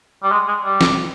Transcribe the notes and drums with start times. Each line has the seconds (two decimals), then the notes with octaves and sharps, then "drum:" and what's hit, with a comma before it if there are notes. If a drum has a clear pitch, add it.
0.23 G3
0.31 G#3
0.48 G#3
0.64 G3
0.81 drum: snare